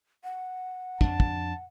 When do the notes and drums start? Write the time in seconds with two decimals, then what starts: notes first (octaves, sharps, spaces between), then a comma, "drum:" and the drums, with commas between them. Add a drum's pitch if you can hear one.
0.24 F#5
1.01 F2 D4 A5, drum: kick
1.20 drum: kick